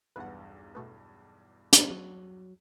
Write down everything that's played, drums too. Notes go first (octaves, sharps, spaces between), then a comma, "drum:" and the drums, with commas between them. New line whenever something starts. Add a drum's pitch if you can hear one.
B1 E2 G2 B4 F#5
B2 A3 B3
drum: hi-hat
F#3